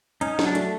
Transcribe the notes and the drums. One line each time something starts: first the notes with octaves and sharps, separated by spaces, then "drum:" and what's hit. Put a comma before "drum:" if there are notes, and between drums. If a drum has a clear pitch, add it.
C#4 D#4, drum: hi-hat
F#3, drum: snare
D4
A3, drum: hi-hat